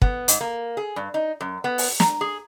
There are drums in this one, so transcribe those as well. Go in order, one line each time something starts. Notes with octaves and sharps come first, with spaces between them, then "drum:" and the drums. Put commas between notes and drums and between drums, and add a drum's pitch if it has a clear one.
B3, drum: kick
G#2, drum: hi-hat
A#3
G#4
G2
D#4
F#2
B3
drum: open hi-hat
A#5, drum: snare
G#4